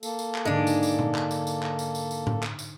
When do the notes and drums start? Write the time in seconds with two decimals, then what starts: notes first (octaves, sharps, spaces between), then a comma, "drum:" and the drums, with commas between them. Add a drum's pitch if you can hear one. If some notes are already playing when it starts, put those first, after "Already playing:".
0.03 A#3 A4, drum: tambourine
0.19 drum: tambourine
0.35 drum: clap
0.45 G#2 D3 G#3 D4
0.67 drum: tambourine
0.83 drum: tambourine
0.99 drum: tom A#2
1.15 drum: clap
1.31 drum: tambourine
1.47 drum: tambourine
1.63 drum: clap
1.79 drum: tambourine
1.95 drum: tambourine
2.11 drum: tambourine
2.27 drum: tom A2
2.43 drum: clap
2.59 drum: tambourine